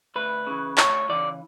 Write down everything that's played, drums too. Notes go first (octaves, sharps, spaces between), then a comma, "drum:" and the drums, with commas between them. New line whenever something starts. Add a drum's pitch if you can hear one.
D2 B4
C#3 E3
D2 C#5, drum: clap
C#3 E3 D5